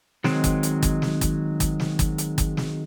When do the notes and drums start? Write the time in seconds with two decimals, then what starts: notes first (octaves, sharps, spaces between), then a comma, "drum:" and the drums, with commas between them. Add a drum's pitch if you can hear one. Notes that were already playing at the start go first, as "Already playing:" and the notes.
0.24 D#3 F#3 G#3 C4, drum: snare
0.44 drum: kick, hi-hat
0.63 drum: hi-hat
0.83 drum: kick, hi-hat
1.02 drum: snare
1.21 drum: kick, hi-hat
1.60 drum: kick, hi-hat
1.80 drum: snare
1.99 drum: kick, hi-hat
2.18 drum: hi-hat
2.38 drum: kick, hi-hat
2.57 drum: snare